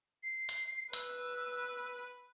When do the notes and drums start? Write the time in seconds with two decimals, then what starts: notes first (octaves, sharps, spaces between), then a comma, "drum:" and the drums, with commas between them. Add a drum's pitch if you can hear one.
0.23 C7
0.49 drum: hi-hat
0.93 B4 E6, drum: hi-hat